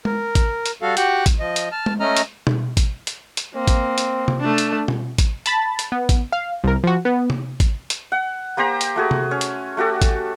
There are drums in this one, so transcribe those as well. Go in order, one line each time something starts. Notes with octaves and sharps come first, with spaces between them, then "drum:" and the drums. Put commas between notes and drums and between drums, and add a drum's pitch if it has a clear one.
A#4, drum: tom G#3
drum: kick A1, hi-hat
drum: hi-hat
G3 F#4 A4 F5
F#4 G4 F#5 G5 F#6, drum: hi-hat
drum: kick A1, hi-hat
F3 D#5
drum: hi-hat
A5 F6
drum: tom G#3
A3 C#4 D#5 A#5 F6
drum: hi-hat
drum: tom B2
drum: kick A1, hi-hat
drum: hi-hat
drum: hi-hat
A#3 C4
drum: kick A1, hi-hat
drum: hi-hat
drum: tom C3
A3 D4
drum: hi-hat
drum: tom B2
drum: kick A1, hi-hat
A5 B5 A6, drum: hi-hat
drum: hi-hat
B3
drum: kick A1, hi-hat
F5
C2 A#4
F3 F#4
B3
drum: tom C3
drum: kick A1, hi-hat
drum: hi-hat
F#5
A#3 G4 C5 A#5
drum: hi-hat
A3 F#4 G#4
drum: tom C3
C#4
drum: hi-hat
A3 F#4 G4 A4
drum: kick A1, hi-hat